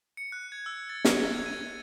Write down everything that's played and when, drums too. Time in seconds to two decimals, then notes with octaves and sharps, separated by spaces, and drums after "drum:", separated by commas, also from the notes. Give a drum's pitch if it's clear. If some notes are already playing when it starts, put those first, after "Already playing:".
0.17 C#7
0.32 F#6
0.52 G#6
0.66 E6
0.89 A6
1.05 drum: snare
1.17 A6
1.34 G#6
1.46 D#7